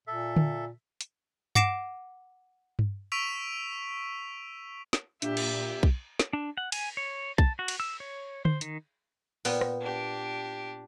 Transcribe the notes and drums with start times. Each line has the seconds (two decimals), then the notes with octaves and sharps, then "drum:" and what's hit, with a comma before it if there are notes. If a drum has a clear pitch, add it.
0.07 A#2 A4 E5
0.36 drum: tom D3
1.01 drum: hi-hat
1.55 F#5 D6 A#6 C7 D7 E7, drum: tom G2
2.79 drum: tom G2
3.12 C#6 E6 B6 D7 D#7 F7
4.93 drum: snare
5.22 A#2 D4 G4 E5, drum: hi-hat
5.37 drum: cymbal
5.83 drum: kick B1
6.19 drum: snare
6.33 D4
6.57 F#5
6.72 G#5, drum: cymbal
6.97 C#5
7.38 A5, drum: kick B1
7.59 F#4
7.68 drum: cymbal
7.80 E6
8.00 C#5
8.45 C5, drum: tom D3
8.61 D#3, drum: hi-hat
9.45 A#2 B3 G5, drum: open hi-hat
9.61 drum: rim click
9.81 D4 G4